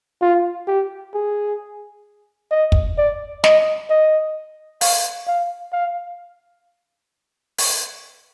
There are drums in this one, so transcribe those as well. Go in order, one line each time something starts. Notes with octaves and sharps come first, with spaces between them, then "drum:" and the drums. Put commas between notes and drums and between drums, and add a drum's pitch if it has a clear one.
F4
G4
G#4
D#5
drum: kick
D5
D#5, drum: snare
D#5
F5, drum: open hi-hat
F5
F5
drum: open hi-hat